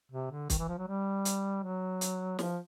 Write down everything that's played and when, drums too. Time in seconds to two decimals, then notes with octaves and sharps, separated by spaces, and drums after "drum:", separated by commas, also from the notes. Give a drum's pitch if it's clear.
0.11 C3
0.31 D3
0.50 D#3, drum: kick, hi-hat
0.59 E3
0.68 F3
0.78 F#3
0.88 G3
1.25 drum: hi-hat
1.63 F#3
2.01 drum: hi-hat
2.39 F3, drum: snare